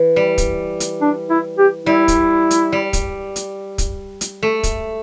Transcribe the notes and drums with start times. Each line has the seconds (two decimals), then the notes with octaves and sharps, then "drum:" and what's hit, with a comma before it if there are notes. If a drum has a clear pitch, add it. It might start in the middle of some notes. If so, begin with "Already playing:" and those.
Already playing: E3
0.16 G3
0.38 drum: kick, hi-hat
0.80 drum: hi-hat
1.01 D4
1.30 E4
1.58 G4
1.86 G3 E4
2.08 drum: kick, hi-hat
2.51 drum: hi-hat
2.72 G3
2.93 drum: kick, hi-hat
3.36 drum: hi-hat
3.78 drum: kick, hi-hat
4.21 drum: hi-hat
4.43 A3
4.63 drum: kick, hi-hat